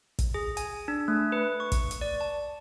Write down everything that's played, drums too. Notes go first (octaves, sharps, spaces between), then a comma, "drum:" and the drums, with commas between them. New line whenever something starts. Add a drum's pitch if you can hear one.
drum: kick, hi-hat
G#4
G#5, drum: hi-hat
D4
A3
B4
C#6
drum: kick, hi-hat
drum: hi-hat
D5
A5